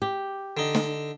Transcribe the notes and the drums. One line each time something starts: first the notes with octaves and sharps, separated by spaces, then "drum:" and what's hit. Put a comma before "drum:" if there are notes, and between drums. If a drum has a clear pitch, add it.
G4
D3 D#4
drum: snare